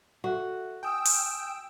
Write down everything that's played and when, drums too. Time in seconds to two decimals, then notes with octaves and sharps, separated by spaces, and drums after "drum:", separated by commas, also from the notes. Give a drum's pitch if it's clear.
0.24 F#4 A4 E5
0.83 G5 G#5 D#6 E6
1.05 drum: open hi-hat